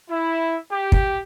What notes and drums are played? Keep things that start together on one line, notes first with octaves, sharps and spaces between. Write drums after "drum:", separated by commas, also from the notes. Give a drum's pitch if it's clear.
E4
G4
drum: kick